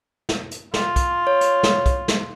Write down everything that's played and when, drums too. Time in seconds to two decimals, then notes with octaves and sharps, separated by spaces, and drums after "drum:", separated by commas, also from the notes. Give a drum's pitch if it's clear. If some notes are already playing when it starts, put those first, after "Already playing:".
0.29 drum: snare
0.51 drum: hi-hat
0.74 F4, drum: snare
0.96 drum: kick, hi-hat
1.27 C#5
1.41 drum: hi-hat
1.63 drum: snare
1.86 drum: kick, hi-hat
2.08 drum: snare